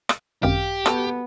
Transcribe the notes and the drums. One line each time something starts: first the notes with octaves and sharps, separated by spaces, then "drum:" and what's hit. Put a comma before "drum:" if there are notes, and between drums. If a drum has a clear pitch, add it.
drum: rim click
G#1 F#2 D#3 G4 F5
G3 B3 F#4 A4, drum: rim click